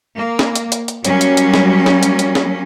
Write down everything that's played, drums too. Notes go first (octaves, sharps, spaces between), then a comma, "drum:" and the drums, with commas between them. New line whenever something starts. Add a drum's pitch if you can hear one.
A#3
drum: snare
drum: hi-hat
drum: hi-hat
drum: hi-hat
F#3 G3 A#3 C#4, drum: hi-hat
drum: hi-hat
drum: hi-hat
drum: snare
drum: snare
drum: hi-hat
drum: hi-hat
drum: snare